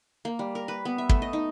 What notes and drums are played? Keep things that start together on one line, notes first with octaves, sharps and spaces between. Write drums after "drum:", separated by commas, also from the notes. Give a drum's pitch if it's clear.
A#3
G3
A#4
B4
B3
E5
A3, drum: kick
D#5
D#4